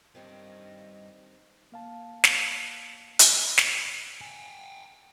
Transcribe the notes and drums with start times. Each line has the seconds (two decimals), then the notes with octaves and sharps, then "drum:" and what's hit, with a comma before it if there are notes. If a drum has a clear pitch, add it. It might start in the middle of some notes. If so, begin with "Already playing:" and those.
0.15 G2 D#3 C4 G4 D#5
1.72 A#3 F5 A5
2.24 drum: snare
3.19 drum: hi-hat
3.58 drum: snare
4.21 G5 G#5